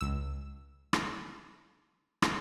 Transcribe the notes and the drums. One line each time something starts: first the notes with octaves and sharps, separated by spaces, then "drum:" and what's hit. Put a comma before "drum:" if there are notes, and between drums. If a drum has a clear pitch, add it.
C#2 E6
drum: rim click
drum: rim click